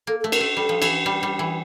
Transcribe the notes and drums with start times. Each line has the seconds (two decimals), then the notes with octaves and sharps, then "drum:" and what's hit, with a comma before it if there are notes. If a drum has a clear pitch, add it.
0.07 A#3 A4
0.20 A3 A4
0.32 A#4, drum: cymbal
0.41 A3
0.57 G3 A4
0.69 F3
0.82 E3, drum: cymbal
1.06 G3
1.23 G3
1.39 E3